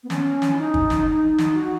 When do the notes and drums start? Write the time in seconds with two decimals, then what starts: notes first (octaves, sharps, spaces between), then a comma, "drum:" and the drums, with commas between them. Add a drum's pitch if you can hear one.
0.03 B3
0.10 C#4, drum: snare
0.42 drum: snare
0.53 E4
0.58 D#4
0.74 drum: kick
0.90 drum: snare
1.06 D#4
1.38 drum: snare
1.54 F#4